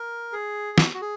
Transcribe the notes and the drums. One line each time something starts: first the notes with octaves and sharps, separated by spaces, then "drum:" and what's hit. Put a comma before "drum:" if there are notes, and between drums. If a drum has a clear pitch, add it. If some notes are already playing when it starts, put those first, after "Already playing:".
Already playing: A#4
G#4
F#4, drum: snare
F#4
G#4